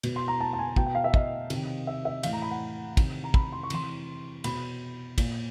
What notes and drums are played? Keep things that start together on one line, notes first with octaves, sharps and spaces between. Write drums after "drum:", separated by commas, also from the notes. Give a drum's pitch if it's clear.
B2, drum: cymbal
C6
A#5
A5
A5
G#5
B2 G5, drum: kick
G5
F5
E5
D#5, drum: kick
C3 D#3, drum: cymbal
E5
E5
A2 E3 F5, drum: cymbal
A#5
B5
F#5
C3 D#3, drum: kick, cymbal
A#5
B5, drum: kick
C6
C#6
C3 E3 C6, drum: cymbal
B2 B5, drum: cymbal
A#2, drum: kick, cymbal